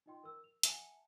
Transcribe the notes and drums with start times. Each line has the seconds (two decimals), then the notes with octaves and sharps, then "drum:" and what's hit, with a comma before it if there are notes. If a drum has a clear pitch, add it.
0.06 D#4 F4 D#5 G5 C6
0.23 A#4 E6
0.44 F7
0.63 E5 F#5 G#5 A5 C#7, drum: hi-hat